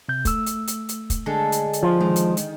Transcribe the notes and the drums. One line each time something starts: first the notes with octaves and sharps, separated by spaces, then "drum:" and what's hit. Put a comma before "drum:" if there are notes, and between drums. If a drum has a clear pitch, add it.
C3 G6
A3 E6, drum: kick, hi-hat
drum: hi-hat
drum: hi-hat
drum: hi-hat
drum: kick, hi-hat
D3 G#3 A4
drum: hi-hat
drum: hi-hat
F3 F4
D#3 G#3
drum: hi-hat
drum: hi-hat